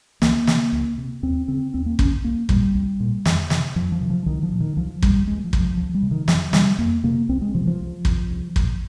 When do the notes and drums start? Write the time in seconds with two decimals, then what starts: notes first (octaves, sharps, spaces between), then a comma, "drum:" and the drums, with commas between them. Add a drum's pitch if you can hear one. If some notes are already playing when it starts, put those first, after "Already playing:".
0.22 C#2 A#3, drum: snare
0.47 C3, drum: snare
0.73 C#2
0.98 C3
1.23 D#2 C4
1.48 C#3 C4
1.74 D#2 C4
1.86 A#3
1.99 C#3 C#4, drum: kick
2.24 C2 A#3
2.49 A#2 G3, drum: kick
2.75 C2
3.00 A#2
3.25 F2, drum: snare
3.50 C3, drum: snare
3.76 F2 F3
3.92 F3
4.01 C3
4.10 F3
4.26 C2 D#3
4.43 F3
4.51 A#2
4.60 D#3
4.76 C2 F3
5.02 A#2 G3, drum: kick
5.27 C#2 G#3
5.44 F3
5.53 C3, drum: kick
5.61 F3
5.77 C#2 F3
5.94 G3
6.03 C3
6.11 D#3
6.28 F2 F3, drum: snare
6.53 C3 G3, drum: snare
6.78 F2 A#3
7.04 C3 A#3
7.29 C2 C4
7.41 G#3
7.55 C3 F3
7.67 F3
7.80 C2
8.05 C3, drum: kick
8.30 C2
8.56 A#2, drum: kick